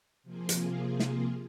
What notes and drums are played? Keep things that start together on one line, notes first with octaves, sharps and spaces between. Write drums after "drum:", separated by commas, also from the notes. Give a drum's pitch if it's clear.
C3 F3 A#3 F4 G#4
drum: hi-hat
drum: snare